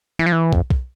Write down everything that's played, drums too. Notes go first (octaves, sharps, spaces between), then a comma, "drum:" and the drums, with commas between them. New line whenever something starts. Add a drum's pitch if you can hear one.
E3
F3
E3
F2, drum: kick
drum: kick